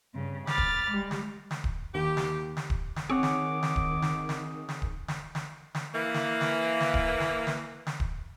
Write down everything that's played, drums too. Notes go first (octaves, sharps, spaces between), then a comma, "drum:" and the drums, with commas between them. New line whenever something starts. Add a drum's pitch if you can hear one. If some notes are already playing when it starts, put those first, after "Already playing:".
G2 C#3
B5 D6 F6 A6, drum: snare
drum: kick D1
G3 G#3
drum: snare
drum: snare
drum: kick D1
D#2 G4
drum: snare
drum: snare
drum: kick D1
drum: snare
D#3 C4 G#4 C#5 F#5 D6
drum: snare
drum: snare
drum: kick D1
drum: snare
drum: snare
drum: snare
drum: kick D1
drum: snare
drum: snare
drum: snare
E3 A#3
drum: snare
drum: snare
drum: snare
drum: kick D1
drum: snare
drum: snare
drum: snare
drum: kick D1